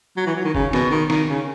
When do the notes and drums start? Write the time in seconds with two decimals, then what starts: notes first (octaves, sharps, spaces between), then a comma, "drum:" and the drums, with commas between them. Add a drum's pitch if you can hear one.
0.17 F#3
0.26 E3
0.36 F#3
0.44 D#3
0.55 C#3, drum: kick
0.73 B2, drum: snare
0.91 D#3
1.10 D#3, drum: snare
1.29 C#3